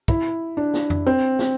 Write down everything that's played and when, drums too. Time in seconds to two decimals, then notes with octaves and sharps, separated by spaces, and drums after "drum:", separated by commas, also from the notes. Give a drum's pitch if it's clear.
0.08 E4, drum: kick
0.57 D4
0.74 drum: snare
0.90 drum: tom F2
1.07 C4
1.39 drum: snare